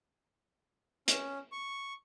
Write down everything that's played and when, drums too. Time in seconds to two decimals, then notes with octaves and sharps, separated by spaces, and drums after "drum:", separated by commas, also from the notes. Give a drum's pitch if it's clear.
1.08 C#4, drum: hi-hat
1.52 C#6